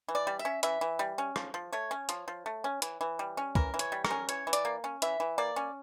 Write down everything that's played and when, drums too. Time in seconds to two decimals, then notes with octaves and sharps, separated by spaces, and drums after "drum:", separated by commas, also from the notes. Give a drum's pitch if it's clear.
0.09 E3
0.15 D5
0.27 G3
0.39 E5
0.45 C#4
0.63 E3 E5, drum: hi-hat
0.81 E3
0.99 G3
1.18 C#4
1.36 F3, drum: rim click
1.54 F3
1.72 A3 C#5
1.91 C#4
2.09 F3, drum: hi-hat
2.28 F3
2.46 A3
2.64 C#4
2.82 E3, drum: hi-hat
3.01 E3
3.19 G3
3.37 C#4
3.55 E3 A#4, drum: kick
3.74 E3
3.79 C#5, drum: hi-hat
3.92 G3
4.05 A#4, drum: rim click
4.11 C#4
4.29 E3 C#5, drum: hi-hat
4.47 E3
4.53 D5, drum: hi-hat
4.65 A#3
4.84 C#4
5.02 E3 E5, drum: hi-hat
5.20 E3
5.38 A#3 D5
5.56 C#4